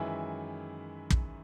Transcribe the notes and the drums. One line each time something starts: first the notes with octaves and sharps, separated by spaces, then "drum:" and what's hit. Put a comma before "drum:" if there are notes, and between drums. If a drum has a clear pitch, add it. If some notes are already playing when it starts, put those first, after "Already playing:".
Already playing: F#2 D#3 E3 G#3 E4
drum: kick